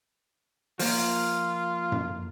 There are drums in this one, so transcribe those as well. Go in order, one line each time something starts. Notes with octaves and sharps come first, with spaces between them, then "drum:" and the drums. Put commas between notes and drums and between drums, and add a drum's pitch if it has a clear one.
F3 A#3 F4, drum: open hi-hat
drum: tom F#2